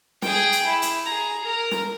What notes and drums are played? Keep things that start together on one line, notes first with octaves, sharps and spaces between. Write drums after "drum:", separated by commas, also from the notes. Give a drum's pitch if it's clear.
G#4 G5, drum: snare
drum: hi-hat
E4
drum: hi-hat
G#4 A#5
A#4
drum: snare